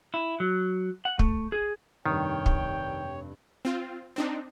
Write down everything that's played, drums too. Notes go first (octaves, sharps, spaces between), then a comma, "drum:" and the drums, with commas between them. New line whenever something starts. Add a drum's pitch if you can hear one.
E4
F#3
F#5
A3, drum: kick
G#4
F1 G2 D#3 C#5 G5
drum: kick
C4 F4
C4 D4 D#4